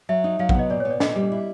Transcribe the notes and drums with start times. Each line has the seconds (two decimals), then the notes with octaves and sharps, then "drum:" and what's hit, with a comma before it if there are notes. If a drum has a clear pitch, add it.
0.09 F#3 E5
0.24 D#4
0.39 F#3 F5
0.49 F#5, drum: kick
0.55 B3 D#5
0.70 A#2 D5
0.80 C#5
0.85 B3
0.91 D5
1.00 A#2 D#5, drum: snare
1.16 G3
1.32 E4